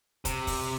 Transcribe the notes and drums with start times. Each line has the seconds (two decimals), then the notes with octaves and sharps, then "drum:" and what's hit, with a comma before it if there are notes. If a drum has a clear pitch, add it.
0.25 C3, drum: kick, hi-hat
0.47 drum: kick, open hi-hat